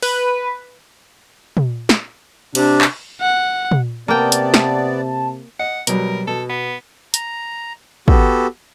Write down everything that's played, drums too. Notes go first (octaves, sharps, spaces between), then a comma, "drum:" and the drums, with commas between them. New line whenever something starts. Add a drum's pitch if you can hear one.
B4, drum: open hi-hat
drum: tom
drum: snare
C3 D4, drum: cymbal
drum: clap
F#5
drum: tom
C3 A#3 B3 D5 G5 A5
drum: hi-hat
drum: snare
D#5 F#5
B2 F#3 G3 A#4, drum: hi-hat
B2 A4
B3
A#5, drum: hi-hat
B3 F#4 G4 A4, drum: kick